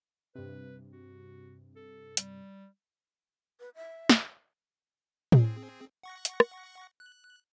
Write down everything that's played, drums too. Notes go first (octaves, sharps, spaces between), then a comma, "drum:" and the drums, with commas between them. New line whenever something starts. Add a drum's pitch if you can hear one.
G2 C3 B4
F#4
A4
G3, drum: hi-hat
B4
E5
drum: snare
C4 G#4, drum: tom A2
F#5 C#6 A#6
drum: hi-hat
drum: rim click
F#6